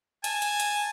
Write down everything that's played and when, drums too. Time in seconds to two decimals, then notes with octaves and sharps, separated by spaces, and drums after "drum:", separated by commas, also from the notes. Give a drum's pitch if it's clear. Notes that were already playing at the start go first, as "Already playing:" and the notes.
0.24 G#5 A5, drum: hi-hat
0.42 drum: hi-hat
0.60 drum: hi-hat